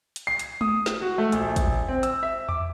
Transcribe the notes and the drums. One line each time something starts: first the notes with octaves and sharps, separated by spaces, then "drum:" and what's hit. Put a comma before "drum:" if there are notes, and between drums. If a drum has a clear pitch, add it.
drum: hi-hat
C7
drum: hi-hat
D#6, drum: tom G#3
drum: snare
F#4
A3
A#1, drum: hi-hat
drum: kick, hi-hat
C4
E6, drum: hi-hat
E5
D6, drum: tom E2